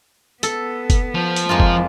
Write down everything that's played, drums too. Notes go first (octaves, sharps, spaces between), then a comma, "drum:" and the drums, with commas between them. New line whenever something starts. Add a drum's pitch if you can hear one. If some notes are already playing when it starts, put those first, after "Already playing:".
B3 A4, drum: hi-hat
drum: kick, hi-hat
F3
drum: hi-hat
F2 G#3 A#3 F4
drum: kick